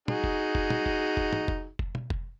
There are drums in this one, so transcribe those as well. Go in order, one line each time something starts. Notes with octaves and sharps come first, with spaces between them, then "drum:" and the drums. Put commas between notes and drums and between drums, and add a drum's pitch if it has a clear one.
D#4 F#4 G#4, drum: tom
drum: kick F1
drum: kick F1
drum: tom
drum: kick F1
drum: kick F1
drum: tom
drum: kick F1
drum: kick F1
drum: tom B2
drum: kick F1